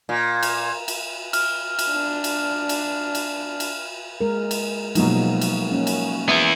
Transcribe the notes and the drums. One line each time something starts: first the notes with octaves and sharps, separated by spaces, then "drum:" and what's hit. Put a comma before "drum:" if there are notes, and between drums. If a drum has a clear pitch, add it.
A#2
drum: cymbal
drum: cymbal
F6, drum: cymbal
drum: cymbal
D4
drum: cymbal
drum: cymbal
drum: cymbal
drum: cymbal
G#3 A#4
drum: cymbal
B2 F3 F#3 G#3 A#3 D#4, drum: cymbal
drum: cymbal
A#3 C#4
drum: cymbal
B3 E4 E5